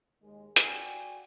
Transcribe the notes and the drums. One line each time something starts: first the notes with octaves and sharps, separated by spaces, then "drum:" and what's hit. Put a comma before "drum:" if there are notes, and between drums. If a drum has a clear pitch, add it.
D#2 G#3
F#4 D5 G5 G#5, drum: hi-hat